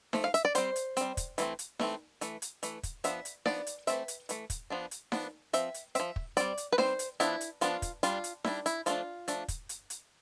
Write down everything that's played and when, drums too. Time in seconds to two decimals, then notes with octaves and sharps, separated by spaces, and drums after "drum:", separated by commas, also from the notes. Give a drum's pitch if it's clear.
0.13 F3 A3, drum: snare D#4
0.24 F5
0.34 E5, drum: hi-hat
0.45 D5
0.55 G3 C4 C5, drum: hi-hat
0.76 drum: hi-hat
0.97 G3 C4, drum: hi-hat
1.17 drum: kick, hi-hat
1.38 E3 A3 C4, drum: hi-hat
1.59 drum: hi-hat
1.79 E3 A3 C4, drum: snare D#4
2.21 E3 A3, drum: hi-hat
2.42 drum: hi-hat
2.63 E3 A3, drum: hi-hat
2.83 drum: kick, hi-hat
3.04 F3 B3 D4 E5, drum: hi-hat
3.25 drum: hi-hat
3.45 F3 B3 D4 D5, drum: snare D#4
3.67 drum: hi-hat
3.87 E3 A3 C4 E5, drum: hi-hat
4.08 drum: hi-hat
4.29 E3 A3, drum: hi-hat
4.50 drum: kick, hi-hat
4.70 F3 B3 D4
4.91 drum: hi-hat
5.12 F3 B3 D4, drum: snare D#4
5.53 F3 C4 E5, drum: hi-hat
5.74 drum: hi-hat
5.95 F3 C4 E5, drum: hi-hat
6.16 drum: kick
6.37 G3 C4 D5, drum: hi-hat
6.57 drum: hi-hat
6.73 B4
6.78 G3 C4 C5, drum: snare D#4
6.99 drum: hi-hat
7.20 F3 B3 D4 E4, drum: hi-hat
7.41 drum: hi-hat
7.61 F3 B3 D4 F4, drum: hi-hat
7.82 drum: kick, hi-hat
8.03 G3 D4 F4, drum: hi-hat
8.24 drum: hi-hat
8.44 G3 D4 E4, drum: snare D#4
8.66 E4, drum: hi-hat
8.86 F3 A3 D4 F4, drum: hi-hat
9.28 F3 A3 D4, drum: hi-hat
9.48 drum: kick, hi-hat
9.69 drum: hi-hat
9.90 drum: hi-hat